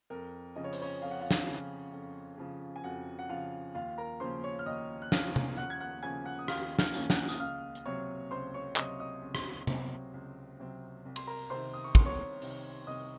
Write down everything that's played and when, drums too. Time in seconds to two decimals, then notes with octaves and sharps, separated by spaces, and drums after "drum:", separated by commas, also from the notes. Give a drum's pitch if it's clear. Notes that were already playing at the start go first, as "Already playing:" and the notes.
0.10 F2 A#4
0.55 C#3 F3 D#5
0.64 C#5
0.73 C5, drum: open hi-hat
0.82 C#4 C#5
1.01 F2 F5
1.11 F#5
1.21 F4 F5
1.31 drum: snare
1.47 C#3 F3
1.93 F2
2.38 C#3 F3
2.76 G#5
2.84 F2 F#4 F#5
3.19 F#5
3.29 C#3 F3 F4 F5
3.75 D#2 F4 F5
3.98 A#4 A#5
4.20 C#3 F3 A#3 C#4 C5 C6
4.44 C#5 C#6
4.59 F6
4.66 D#2 D#5 D#6
5.02 F#6
5.12 C#3 F3 A#3 C#4 F5 F6, drum: snare
5.36 drum: tom C3
5.57 D#2 F#5 F#6
5.70 G#6
5.80 F#5 F#6
6.03 C#3 F3 A#3 C#4 G#5 G#6
6.26 F#5 F#6
6.39 D#6
6.48 D#2 F5 F6, drum: rim click
6.79 F5 F6, drum: snare
6.94 C#3 F3 A#3 C#4, drum: tambourine
7.10 F#5 F#6, drum: snare
7.29 D#6, drum: tambourine
7.39 C#2 F5 F6
7.75 drum: hi-hat
7.86 C3 F#3 C4 C#5 C#6
8.31 C#2 C5 C6
8.54 C#5 C#6
8.76 C3 F#3 C4 D#5 D#6, drum: clap
9.00 D#5 D#6
9.22 C#2
9.35 drum: rim click
9.67 C3 F#3 C4, drum: tom C3
10.14 C#2
10.59 C3 F#3 C4
11.05 C2
11.16 C6, drum: cymbal
11.27 A#4 A#5
11.50 C3 D#3 C5 C6
11.73 D#6
11.84 C#6
11.95 C2 C6, drum: kick
12.06 C#5 C#6
12.42 C3 D#3, drum: open hi-hat
12.87 C2 D#5 D#6